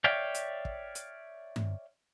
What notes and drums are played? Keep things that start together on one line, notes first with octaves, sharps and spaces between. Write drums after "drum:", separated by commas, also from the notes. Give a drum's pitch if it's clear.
C#5 D5 E5 F5 G5
drum: hi-hat
drum: kick
drum: hi-hat
drum: tom G2